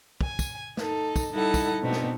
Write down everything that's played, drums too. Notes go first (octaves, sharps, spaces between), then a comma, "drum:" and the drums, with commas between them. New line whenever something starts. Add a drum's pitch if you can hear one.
G#5, drum: kick
drum: kick, tambourine
D#4 A4, drum: snare
drum: kick, tambourine
G3 D#4 E4 A4 F#5
drum: kick, tambourine
B2 B3 C4 D4 D#4
drum: snare